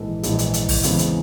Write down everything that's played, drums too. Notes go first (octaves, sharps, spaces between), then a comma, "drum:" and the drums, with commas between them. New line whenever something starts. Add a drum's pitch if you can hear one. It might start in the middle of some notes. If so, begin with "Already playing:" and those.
Already playing: A#1 G#2 E3 A4
A#1 G#2 E3, drum: hi-hat
drum: hi-hat
drum: hi-hat
drum: kick, open hi-hat
E2 C#3 E3 G#3 C4, drum: hi-hat
drum: hi-hat